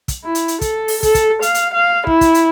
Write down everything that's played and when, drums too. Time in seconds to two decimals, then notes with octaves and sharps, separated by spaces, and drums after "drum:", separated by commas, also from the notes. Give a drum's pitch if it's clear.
0.08 drum: kick, hi-hat
0.25 E4
0.35 drum: hi-hat
0.48 drum: hi-hat
0.61 A4, drum: kick, hi-hat
0.88 drum: open hi-hat
1.03 A4, drum: kick, hi-hat
1.15 drum: kick, hi-hat
1.42 F5, drum: hi-hat
1.55 drum: hi-hat
1.74 F5
2.07 E4, drum: kick
2.21 drum: kick, hi-hat
2.34 drum: hi-hat